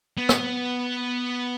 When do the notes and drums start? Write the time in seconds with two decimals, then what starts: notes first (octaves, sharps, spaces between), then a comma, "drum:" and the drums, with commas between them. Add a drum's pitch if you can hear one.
0.17 B3
0.29 drum: rim click